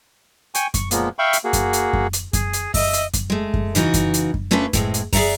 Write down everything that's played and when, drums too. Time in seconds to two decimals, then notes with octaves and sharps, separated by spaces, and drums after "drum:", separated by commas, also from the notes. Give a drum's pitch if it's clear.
0.55 G5 G#5 C#6, drum: hi-hat
0.74 C#6, drum: kick F#2, hi-hat
0.91 A#2 F3 G#3 A#3 B3, drum: hi-hat
1.19 E5 F5 G5 B5 C#6
1.33 drum: hi-hat
1.44 A#3 F#4 G#4
1.53 drum: kick F#2, hi-hat
1.73 drum: hi-hat
1.93 drum: kick F#2
2.13 drum: hi-hat
2.33 G#4, drum: kick F#2, hi-hat
2.53 drum: hi-hat
2.74 D#5 E5, drum: kick F#2, open hi-hat
2.94 drum: hi-hat
3.14 drum: kick F#2, hi-hat
3.30 G#3 A3
3.54 drum: kick F#2
3.75 C#3 E3 D#4 F#4, drum: hi-hat
3.94 drum: kick F#2, hi-hat
4.14 drum: hi-hat
4.34 drum: kick F#2
4.51 A3 C#4 D4 F4 B4 C5
4.73 A2 G#3 C4, drum: kick F#2, hi-hat
4.94 drum: hi-hat
5.13 G#4 D5 E5 F#5 A#5, drum: kick F#2, open hi-hat